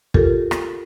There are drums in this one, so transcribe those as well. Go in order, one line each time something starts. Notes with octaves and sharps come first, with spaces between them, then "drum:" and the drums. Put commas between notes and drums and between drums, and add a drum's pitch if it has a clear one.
F4 G4 A4 A#4, drum: kick
drum: rim click